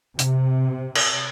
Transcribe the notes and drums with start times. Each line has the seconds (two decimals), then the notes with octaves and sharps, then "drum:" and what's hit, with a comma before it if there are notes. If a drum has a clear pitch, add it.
0.19 C3, drum: hi-hat
0.95 drum: cymbal